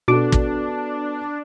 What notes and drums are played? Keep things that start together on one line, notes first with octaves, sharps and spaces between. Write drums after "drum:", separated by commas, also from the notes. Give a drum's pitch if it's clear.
B2 B3 D4 F#4 A4 D6 D7
drum: kick